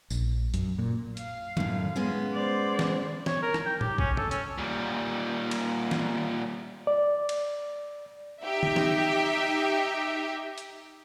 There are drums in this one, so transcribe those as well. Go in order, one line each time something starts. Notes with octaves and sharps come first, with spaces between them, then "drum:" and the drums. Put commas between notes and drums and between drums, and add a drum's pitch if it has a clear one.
A#1, drum: tambourine
F#2, drum: hi-hat
A#2
F5, drum: hi-hat
F#2 A2, drum: tom
G#3 B3 C#4
C5 D5
drum: snare
C#5, drum: snare
A#4
drum: rim click
G5
G4, drum: tom A2
C#4, drum: kick
A4, drum: tom
C#4, drum: hi-hat
A#2 G3
drum: cymbal
drum: snare
D5
drum: cymbal
D#4 G4 E5
drum: tom
drum: snare
drum: hi-hat